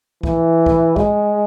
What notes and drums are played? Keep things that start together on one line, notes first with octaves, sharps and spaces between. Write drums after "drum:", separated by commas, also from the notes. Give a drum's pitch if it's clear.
E3, drum: kick
drum: kick
G#3, drum: kick